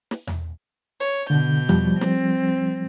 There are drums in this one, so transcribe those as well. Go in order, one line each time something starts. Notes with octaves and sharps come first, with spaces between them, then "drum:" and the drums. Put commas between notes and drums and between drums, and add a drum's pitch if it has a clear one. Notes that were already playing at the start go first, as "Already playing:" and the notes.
drum: snare
drum: tom E2
C#5
B2 D3 G6
F3 G3, drum: tom E2
C4, drum: snare